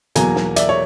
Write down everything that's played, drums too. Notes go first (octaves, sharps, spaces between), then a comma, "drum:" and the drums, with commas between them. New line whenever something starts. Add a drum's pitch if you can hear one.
E2 B2 F#3 A#3 G#5 A#5, drum: hi-hat
drum: snare
D5 E5, drum: hi-hat
C#5